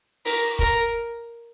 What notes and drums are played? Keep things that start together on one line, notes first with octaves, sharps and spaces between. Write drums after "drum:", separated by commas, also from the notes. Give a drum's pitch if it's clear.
A#4, drum: open hi-hat
A#4, drum: kick